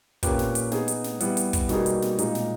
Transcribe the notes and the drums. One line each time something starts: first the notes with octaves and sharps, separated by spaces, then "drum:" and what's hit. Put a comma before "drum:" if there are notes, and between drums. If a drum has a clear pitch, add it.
A#2 A#3 C#4 G4 B4, drum: kick, hi-hat
drum: snare
drum: hi-hat
B3 D#4 G#4, drum: snare
drum: hi-hat
drum: snare
G3 B3 E4, drum: hi-hat
drum: hi-hat
drum: kick, hi-hat
B2 G3 A#3 D#4 G#4, drum: snare
drum: hi-hat
drum: snare
A#2 G#3 D#4, drum: hi-hat
drum: snare